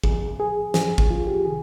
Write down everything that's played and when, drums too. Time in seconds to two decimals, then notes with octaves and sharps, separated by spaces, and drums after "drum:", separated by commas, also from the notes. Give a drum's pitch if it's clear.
0.04 G2 F3 G#4, drum: kick G#1
0.40 G#4
0.74 G2 F3 G#4, drum: snare
0.98 drum: kick G#1
1.10 F4
1.27 G4
1.45 C3 D#3 G#4